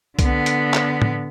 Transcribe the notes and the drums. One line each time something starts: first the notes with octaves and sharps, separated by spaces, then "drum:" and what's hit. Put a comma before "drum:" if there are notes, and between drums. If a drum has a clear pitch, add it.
D3 B3, drum: kick C2, hi-hat
drum: hi-hat
drum: clap
drum: tom